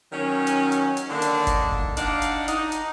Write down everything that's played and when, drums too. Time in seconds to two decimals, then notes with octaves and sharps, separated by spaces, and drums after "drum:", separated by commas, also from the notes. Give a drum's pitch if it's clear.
0.13 D#3 F#3 C#4
0.47 drum: hi-hat
0.72 drum: hi-hat
0.97 drum: hi-hat
1.10 D3 D#3 A#3 D4
1.22 drum: hi-hat
1.47 drum: kick F#1, hi-hat
1.72 drum: kick F#1
1.97 D4 D#4 D5 F5 F#5, drum: hi-hat
2.22 drum: hi-hat
2.48 D#4, drum: hi-hat
2.72 drum: hi-hat